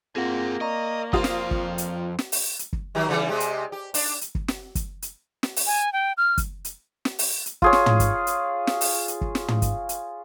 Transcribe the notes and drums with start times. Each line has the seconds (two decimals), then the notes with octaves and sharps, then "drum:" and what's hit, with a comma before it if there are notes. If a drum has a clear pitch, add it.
0.16 A#3 C4 F4 G#4 F#5 A#6
0.61 D5 D#5 A#5 C#6
1.13 F2 F4 C5 D#6, drum: kick
1.24 drum: snare
1.51 drum: kick
1.78 drum: hi-hat
2.19 drum: snare
2.32 drum: open hi-hat
2.59 drum: hi-hat
2.73 drum: kick
2.95 D#3 F#3 G4
3.09 C#3 E3 G3
3.29 C3 G#3 G4
3.40 drum: hi-hat
3.72 G4
3.94 D4, drum: open hi-hat
4.21 drum: hi-hat
4.35 drum: kick
4.48 drum: snare
4.75 drum: kick, hi-hat
5.02 drum: hi-hat
5.43 drum: snare
5.56 drum: open hi-hat
5.66 G#5
5.93 G5
6.17 F6
6.38 drum: kick, hi-hat
6.65 drum: hi-hat
7.05 drum: snare
7.19 drum: open hi-hat
7.46 drum: hi-hat
7.62 F4 G#4 C#5, drum: kick
7.73 drum: snare
7.86 drum: tom
8.00 drum: kick, hi-hat
8.27 drum: hi-hat
8.67 drum: snare
8.81 drum: open hi-hat
9.08 drum: hi-hat
9.21 drum: kick
9.35 drum: snare
9.48 drum: tom
9.62 drum: kick, hi-hat
9.89 drum: hi-hat